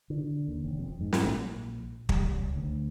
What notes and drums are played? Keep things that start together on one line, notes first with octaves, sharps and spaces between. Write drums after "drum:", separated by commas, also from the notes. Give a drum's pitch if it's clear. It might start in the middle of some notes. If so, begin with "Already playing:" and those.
D3
D#2
F1
F2
G#2
drum: snare
A#1
G3, drum: kick
C#2
D2